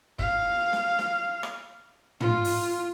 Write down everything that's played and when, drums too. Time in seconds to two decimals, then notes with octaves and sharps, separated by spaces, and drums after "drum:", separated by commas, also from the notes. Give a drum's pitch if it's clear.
0.19 F5, drum: kick F#1
0.73 drum: snare
0.99 drum: snare
1.43 drum: rim click
2.21 F4, drum: tom
2.44 drum: open hi-hat